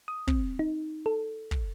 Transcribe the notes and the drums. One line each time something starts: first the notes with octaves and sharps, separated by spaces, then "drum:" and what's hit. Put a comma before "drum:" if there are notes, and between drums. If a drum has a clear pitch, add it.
D#6
C4, drum: kick
D#4
A4
drum: kick